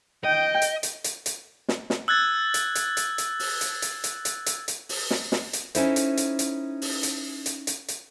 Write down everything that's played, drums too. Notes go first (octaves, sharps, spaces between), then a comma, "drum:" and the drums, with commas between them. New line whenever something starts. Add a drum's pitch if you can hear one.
D#5 G5
drum: hi-hat
drum: hi-hat
drum: hi-hat
drum: hi-hat
drum: snare
drum: snare
E6 F#6 G#6 A6
drum: hi-hat
drum: hi-hat
drum: hi-hat
drum: hi-hat
drum: open hi-hat
drum: hi-hat
drum: hi-hat
drum: hi-hat
drum: hi-hat
drum: hi-hat
drum: hi-hat
drum: open hi-hat
drum: snare
drum: snare
drum: hi-hat
C#4 D#4 E4 A4 C5, drum: hi-hat
drum: hi-hat
drum: hi-hat
drum: hi-hat
drum: open hi-hat
drum: hi-hat
drum: hi-hat
drum: hi-hat
drum: hi-hat